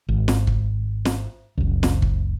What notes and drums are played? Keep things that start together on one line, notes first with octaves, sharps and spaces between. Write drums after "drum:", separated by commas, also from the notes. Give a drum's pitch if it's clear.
G#1
drum: snare
drum: kick
drum: snare
F#1 C#2
drum: snare
drum: kick